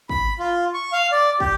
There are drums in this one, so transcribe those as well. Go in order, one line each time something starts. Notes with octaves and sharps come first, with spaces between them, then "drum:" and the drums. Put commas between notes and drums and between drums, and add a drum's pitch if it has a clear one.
B5, drum: kick
F4
C#6
F5
D5
G4, drum: kick